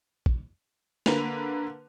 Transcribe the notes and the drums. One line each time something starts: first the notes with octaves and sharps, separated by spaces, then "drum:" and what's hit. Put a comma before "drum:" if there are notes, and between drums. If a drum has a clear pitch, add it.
drum: kick
D3 A#3 B4 F7, drum: snare